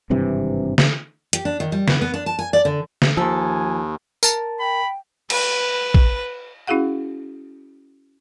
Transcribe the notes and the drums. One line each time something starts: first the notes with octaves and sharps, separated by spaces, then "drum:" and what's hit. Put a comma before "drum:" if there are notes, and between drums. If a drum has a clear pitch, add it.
G#1 G2 C3 E3
drum: snare
G4, drum: hi-hat
D4
D#3
G3
B3, drum: snare
B3
D4
A5
G#5
D5
D3
drum: snare
D#2 F3 A4 G#5
A#4 A5, drum: tambourine
G5 B5
B4, drum: cymbal
drum: kick A#1
C#4 E4 F#4 G#4 F5 F#5